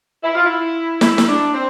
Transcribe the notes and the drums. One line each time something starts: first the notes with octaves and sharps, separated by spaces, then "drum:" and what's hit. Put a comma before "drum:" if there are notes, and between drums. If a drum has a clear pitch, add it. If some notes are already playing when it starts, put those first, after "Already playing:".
E4
F4
E4
E4, drum: snare
drum: snare
D4
C4